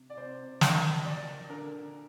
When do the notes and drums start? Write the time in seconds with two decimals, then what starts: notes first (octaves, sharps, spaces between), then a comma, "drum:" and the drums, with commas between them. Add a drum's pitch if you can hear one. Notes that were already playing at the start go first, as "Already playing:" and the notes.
Already playing: C3
0.10 D5
0.17 C3 C5
0.61 A#3 D#5, drum: snare
1.05 A#2 D5
1.49 D3 A#4